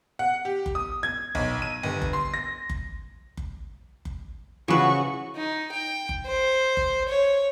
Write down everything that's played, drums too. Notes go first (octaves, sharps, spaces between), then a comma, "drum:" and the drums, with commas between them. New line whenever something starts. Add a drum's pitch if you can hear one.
F#5
G4
drum: kick F#1
D#6
G#6
B1, drum: kick F#1
D#7
G1
drum: kick F#1
C6
A#6
drum: kick F#1
drum: kick F#1
drum: kick F#1
C#3 E3 F3 F#4 B4 C#6
D#4
G5
drum: kick F#1
C5
drum: kick F#1
C#5